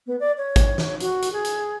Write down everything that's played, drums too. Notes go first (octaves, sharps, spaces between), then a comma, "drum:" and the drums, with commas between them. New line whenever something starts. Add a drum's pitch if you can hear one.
B3
D5
C#5
drum: kick, hi-hat
drum: snare
F#4, drum: hi-hat
drum: hi-hat
G#4
drum: hi-hat